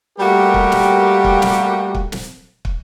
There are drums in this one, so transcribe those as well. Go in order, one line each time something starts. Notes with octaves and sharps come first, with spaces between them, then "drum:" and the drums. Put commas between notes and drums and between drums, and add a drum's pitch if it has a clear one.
G3 A3 A#3 F#4 G4 A#4
drum: kick
drum: snare
drum: kick
drum: snare
drum: kick
drum: snare
drum: kick